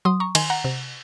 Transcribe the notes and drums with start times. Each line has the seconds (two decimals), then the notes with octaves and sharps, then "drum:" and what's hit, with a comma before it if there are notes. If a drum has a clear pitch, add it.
0.05 F#3 C6 D#6
0.20 A#5 C#6
0.35 D#3 G#5 C6, drum: cymbal
0.50 F#5 A#5
0.64 C3